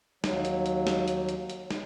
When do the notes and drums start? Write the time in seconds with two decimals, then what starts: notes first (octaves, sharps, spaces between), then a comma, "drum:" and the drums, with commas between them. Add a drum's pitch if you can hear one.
0.24 D#2 F#3, drum: snare
0.45 drum: hi-hat
0.66 drum: hi-hat
0.87 drum: snare
1.08 drum: hi-hat
1.29 drum: hi-hat
1.50 drum: hi-hat
1.71 drum: snare